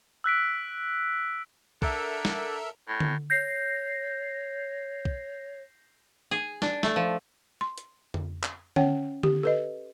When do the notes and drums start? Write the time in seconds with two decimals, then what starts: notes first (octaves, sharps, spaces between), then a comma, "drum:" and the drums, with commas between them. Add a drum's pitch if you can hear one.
0.24 E6 F#6 B6 D7
1.82 D3 A4 A#4 E5, drum: kick
2.25 drum: snare
2.88 A2
3.00 drum: tom D3
3.30 C#5 G6 A#6 C7
5.05 drum: kick
6.31 G#4
6.62 D4, drum: snare
6.83 A3, drum: snare
6.96 F3
7.61 C6
7.78 drum: hi-hat
8.14 drum: tom F2
8.43 drum: clap
8.76 C#4 C#5 F#5 G5, drum: tom D3
9.23 G4, drum: tom D3
9.43 A4 B4 D#5